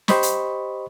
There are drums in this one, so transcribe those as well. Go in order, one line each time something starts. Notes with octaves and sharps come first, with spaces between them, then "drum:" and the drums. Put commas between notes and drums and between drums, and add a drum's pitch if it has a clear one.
G4 C5 D#5 B5 C#6, drum: snare
drum: hi-hat